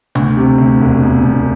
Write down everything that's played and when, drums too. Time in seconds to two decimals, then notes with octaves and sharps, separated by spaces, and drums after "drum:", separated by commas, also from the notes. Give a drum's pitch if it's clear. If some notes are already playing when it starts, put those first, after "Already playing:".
0.15 D2, drum: tom C3
0.37 C3
0.58 D2
0.81 E1
1.02 E1
1.24 E1